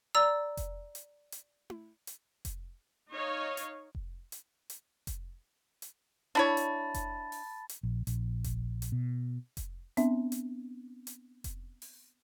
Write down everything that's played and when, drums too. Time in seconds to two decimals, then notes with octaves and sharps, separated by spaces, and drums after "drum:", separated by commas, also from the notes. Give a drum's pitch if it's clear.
0.15 D5 A#5 E6
0.57 drum: kick F1, hi-hat
0.95 drum: hi-hat
1.32 drum: hi-hat
1.70 drum: tom E4
2.07 drum: hi-hat
2.45 drum: kick F1, hi-hat
3.12 D#4 C#5 D#5 F5
3.57 drum: hi-hat
3.95 drum: kick F1
4.32 drum: hi-hat
4.70 drum: hi-hat
5.07 drum: kick F1, hi-hat
5.82 drum: hi-hat
6.35 D4 E4 C#5 A5 B5 A6
6.57 drum: hi-hat
6.94 drum: kick F1, hi-hat
7.32 drum: open hi-hat
7.69 drum: hi-hat
7.83 A#1
8.07 A#1, drum: hi-hat
8.44 drum: kick F1, hi-hat
8.82 drum: hi-hat
8.92 B2
9.57 drum: kick F1, hi-hat
9.97 B3 C4 D4 E5, drum: hi-hat
10.32 drum: hi-hat
11.07 drum: hi-hat
11.44 drum: kick F1, hi-hat
11.82 drum: open hi-hat